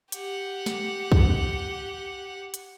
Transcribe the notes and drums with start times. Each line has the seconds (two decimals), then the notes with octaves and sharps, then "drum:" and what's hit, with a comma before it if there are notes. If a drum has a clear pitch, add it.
0.12 G4 F#5, drum: hi-hat
0.66 drum: snare
1.12 drum: kick
2.54 drum: hi-hat